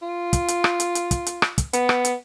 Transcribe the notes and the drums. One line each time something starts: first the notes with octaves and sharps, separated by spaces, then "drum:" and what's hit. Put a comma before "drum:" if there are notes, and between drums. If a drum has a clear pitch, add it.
F4
drum: kick, hi-hat
drum: hi-hat
drum: rim click
drum: hi-hat
drum: hi-hat
drum: kick, hi-hat
drum: hi-hat
drum: rim click
drum: kick, hi-hat
B3, drum: hi-hat
drum: rim click
drum: hi-hat